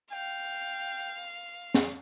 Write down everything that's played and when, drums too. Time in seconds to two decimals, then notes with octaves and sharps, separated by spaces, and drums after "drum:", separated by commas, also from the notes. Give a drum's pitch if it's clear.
0.12 F5 G5
1.74 drum: snare